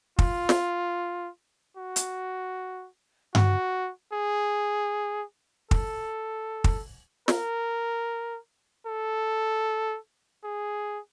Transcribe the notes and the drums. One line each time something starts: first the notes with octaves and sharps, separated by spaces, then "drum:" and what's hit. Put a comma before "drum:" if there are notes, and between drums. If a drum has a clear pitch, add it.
F4, drum: kick
drum: snare
F#4
drum: hi-hat
F#4, drum: tom G2
G#4
A4, drum: kick
drum: kick
A#4, drum: snare
A4
G#4